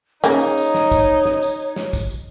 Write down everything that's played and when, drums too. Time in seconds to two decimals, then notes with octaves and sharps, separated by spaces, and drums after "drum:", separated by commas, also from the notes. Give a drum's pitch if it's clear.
0.24 C#3 A#3 D#4 C#5, drum: snare
0.41 drum: tambourine
0.58 drum: tambourine
0.75 drum: snare
0.92 drum: kick, tambourine
1.25 drum: snare
1.42 drum: tambourine
1.59 drum: tambourine
1.76 drum: snare
1.93 drum: kick, tambourine
2.10 drum: tambourine